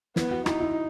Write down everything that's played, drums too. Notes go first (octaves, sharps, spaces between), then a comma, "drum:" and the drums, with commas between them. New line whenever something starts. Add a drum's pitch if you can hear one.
B3 E4, drum: snare
F#4
D#4 E4, drum: rim click
E4